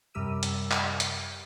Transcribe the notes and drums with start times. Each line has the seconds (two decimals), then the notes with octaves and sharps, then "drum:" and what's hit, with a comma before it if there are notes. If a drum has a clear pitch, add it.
0.14 F#2 C3 G3 G4 E6 D#7
0.43 drum: hi-hat
0.71 drum: clap
1.00 drum: hi-hat